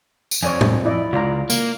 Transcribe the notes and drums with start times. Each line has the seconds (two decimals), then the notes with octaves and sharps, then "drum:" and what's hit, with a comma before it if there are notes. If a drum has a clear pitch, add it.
0.31 drum: tambourine
0.43 F2 C#5 D5 G#5
0.61 drum: tom A2
0.85 E4 D5 D#5
1.13 C#2 F4 D5 A#5
1.50 A#3, drum: tambourine